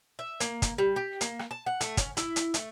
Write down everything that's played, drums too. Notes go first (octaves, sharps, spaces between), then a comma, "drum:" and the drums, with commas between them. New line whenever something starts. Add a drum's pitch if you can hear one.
E5
A#3, drum: hi-hat
drum: kick, hi-hat
G3
G4
A#3, drum: hi-hat
drum: rim click
A5
F#5
A3, drum: hi-hat
C#4, drum: kick, hi-hat
E4, drum: hi-hat
drum: hi-hat
A3, drum: hi-hat